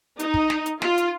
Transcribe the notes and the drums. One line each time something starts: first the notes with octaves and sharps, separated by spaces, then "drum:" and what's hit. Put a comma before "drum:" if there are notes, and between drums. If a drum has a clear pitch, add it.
D#4, drum: hi-hat
drum: kick
drum: snare
drum: hi-hat
F4, drum: snare
drum: hi-hat